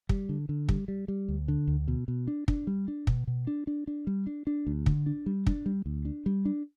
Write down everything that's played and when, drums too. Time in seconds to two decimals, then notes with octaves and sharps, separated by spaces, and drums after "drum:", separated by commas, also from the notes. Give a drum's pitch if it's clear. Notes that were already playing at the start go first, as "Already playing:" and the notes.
0.09 G3, drum: kick
0.29 D3
0.49 D3
0.69 G3, drum: kick
0.88 G3
1.08 G3
1.28 D2
1.48 D3
1.67 D2
1.88 B2
2.08 B2
2.28 D4
2.48 D4, drum: kick
2.67 G3
2.88 D4
3.07 B2, drum: kick
3.27 B2
3.47 D4
3.67 D4
3.87 D4
4.07 G3
4.27 D4
4.47 D4
4.67 D2
4.86 D3, drum: kick
5.06 D4
5.26 G3
5.47 D4, drum: kick
5.66 G3
5.86 D2
6.05 D4
6.26 G3
6.45 D4